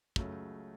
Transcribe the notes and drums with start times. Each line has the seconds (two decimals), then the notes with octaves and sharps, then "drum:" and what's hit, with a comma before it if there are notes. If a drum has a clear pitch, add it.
0.16 C#2 C#3 F#3 A3, drum: kick